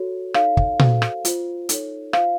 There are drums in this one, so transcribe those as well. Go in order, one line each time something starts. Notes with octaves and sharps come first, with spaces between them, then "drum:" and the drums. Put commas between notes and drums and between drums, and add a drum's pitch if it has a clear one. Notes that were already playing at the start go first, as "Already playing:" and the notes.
Already playing: F#4 A4 C#5
D#4 A4 C#5 F5, drum: rim click
drum: kick
F#4 A4 C5, drum: tom A#2
drum: rim click
F4 C5, drum: hi-hat
D#4 A4 C#5, drum: hi-hat
F4 C5 F5, drum: rim click